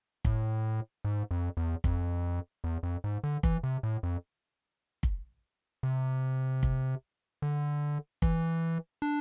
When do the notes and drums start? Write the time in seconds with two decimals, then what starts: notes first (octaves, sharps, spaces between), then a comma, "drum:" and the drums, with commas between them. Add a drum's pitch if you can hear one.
0.25 A2, drum: kick
1.05 G#2
1.31 F2
1.57 E2
1.84 F2, drum: kick
2.64 E2
2.83 F2
3.04 G#2
3.24 D3
3.43 E3, drum: kick
3.64 C3
3.83 A2
4.03 F2
5.03 drum: kick
5.83 C3
6.63 drum: kick
7.42 D3
8.22 E3, drum: kick
9.02 D4